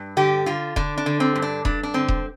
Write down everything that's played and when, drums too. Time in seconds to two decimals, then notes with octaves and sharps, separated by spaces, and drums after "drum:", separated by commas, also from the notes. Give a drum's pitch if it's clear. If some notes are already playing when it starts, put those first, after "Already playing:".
Already playing: G2
0.17 D3 G4
0.46 D3 F4
0.76 D3 D4, drum: kick E1
0.98 D4
1.06 D3
1.20 C4
1.36 G2
1.42 D4
1.65 G2 D4, drum: kick E1
1.83 D4
1.94 D3 C4
2.08 drum: kick E1